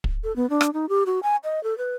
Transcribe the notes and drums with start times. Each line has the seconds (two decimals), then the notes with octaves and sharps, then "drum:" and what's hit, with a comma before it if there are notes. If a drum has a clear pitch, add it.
0.04 drum: kick
0.24 A4
0.36 B3
0.50 D4
0.61 drum: rim click
0.74 D#4
0.89 G4
1.06 F#4
1.23 G#5
1.44 D#5
1.64 A4
1.78 B4